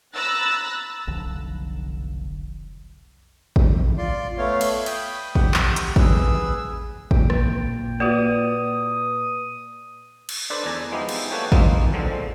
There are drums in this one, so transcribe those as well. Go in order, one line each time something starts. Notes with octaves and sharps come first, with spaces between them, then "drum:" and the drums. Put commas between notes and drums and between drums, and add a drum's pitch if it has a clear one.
A#5 B5 E6 F#6 A6 A#6
F1 B1 D3 F3
drum: kick A1
F4 D5 C6
A3 B3 C#5 F5
drum: cymbal
G5 B5 D#6, drum: cymbal
G4 F#5, drum: kick A1
drum: clap
drum: hi-hat
G#4 B4 E6, drum: kick A1
A#2 G5, drum: kick A1
drum: rim click
A#3 F4 F#4 B4 D5 D#6
drum: cymbal
D4 A4 B4 C5 D5
E2 D5 G#5 A#5
F3 G#3 B3 D#4 E4 G4
drum: cymbal
A#3 B3 A4 B4 C#5 G5
G#3 A#3 B3 D#4 F4, drum: kick A1
A#1 G#2 D3 F3 C4